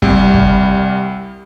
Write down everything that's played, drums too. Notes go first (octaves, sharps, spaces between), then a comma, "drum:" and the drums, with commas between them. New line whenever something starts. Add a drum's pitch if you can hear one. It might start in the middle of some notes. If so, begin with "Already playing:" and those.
C2 G3, drum: kick
drum: kick